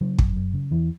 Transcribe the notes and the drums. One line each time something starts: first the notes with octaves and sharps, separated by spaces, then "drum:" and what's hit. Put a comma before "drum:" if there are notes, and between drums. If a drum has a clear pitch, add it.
C#3 F#3
F#2, drum: kick
F#2
C#3
E2 E3